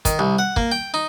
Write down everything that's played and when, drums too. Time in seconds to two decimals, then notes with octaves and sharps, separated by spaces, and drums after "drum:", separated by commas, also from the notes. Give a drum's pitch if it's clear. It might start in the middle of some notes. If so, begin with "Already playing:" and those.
0.05 D#3, drum: kick, hi-hat
0.19 C2
0.39 F#5
0.56 A#3, drum: kick
0.72 G5
0.94 D#4